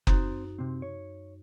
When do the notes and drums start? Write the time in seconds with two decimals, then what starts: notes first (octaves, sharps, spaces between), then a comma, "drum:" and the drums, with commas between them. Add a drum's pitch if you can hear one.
0.07 F#2 C4 D#4 F#4 C5, drum: kick F#1
0.59 C3 C4
0.82 C#5